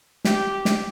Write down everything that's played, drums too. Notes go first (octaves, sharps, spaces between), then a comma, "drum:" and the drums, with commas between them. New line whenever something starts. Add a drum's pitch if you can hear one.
G4, drum: snare
drum: snare